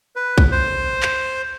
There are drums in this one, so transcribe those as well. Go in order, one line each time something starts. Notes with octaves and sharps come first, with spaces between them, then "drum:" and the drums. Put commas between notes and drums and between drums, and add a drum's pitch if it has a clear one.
B4
drum: kick
C5
drum: clap